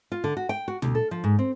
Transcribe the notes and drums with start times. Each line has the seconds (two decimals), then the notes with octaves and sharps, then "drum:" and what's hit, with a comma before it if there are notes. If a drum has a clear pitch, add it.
0.12 F4
0.24 D3
0.37 F#4
0.49 G5
0.68 F#4
0.82 D2, drum: tom
0.95 A4
1.11 F3
1.24 G#2
1.39 C4